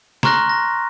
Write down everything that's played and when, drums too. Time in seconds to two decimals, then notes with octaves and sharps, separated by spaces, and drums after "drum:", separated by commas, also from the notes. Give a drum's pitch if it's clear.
0.23 A#5 C6 C#6 F6 F#6 A#6, drum: snare
0.49 A#6